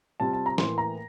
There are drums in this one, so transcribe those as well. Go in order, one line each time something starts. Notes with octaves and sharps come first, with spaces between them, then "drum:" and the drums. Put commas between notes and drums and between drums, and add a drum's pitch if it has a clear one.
C3 G3 C4 F4 A5
A5
A#5
A2 E3 A#3 C6, drum: snare
A#5